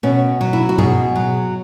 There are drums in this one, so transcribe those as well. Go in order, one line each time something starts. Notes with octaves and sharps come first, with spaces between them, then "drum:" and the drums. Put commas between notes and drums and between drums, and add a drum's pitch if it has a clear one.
B2 C#4
F#3
E4
F#4
B2 G#4, drum: tom G#2
F#3